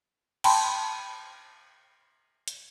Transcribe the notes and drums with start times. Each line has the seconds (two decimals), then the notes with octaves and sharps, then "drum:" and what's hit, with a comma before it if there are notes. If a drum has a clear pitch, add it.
0.44 G5 A5 B5 C6, drum: cymbal
2.48 drum: hi-hat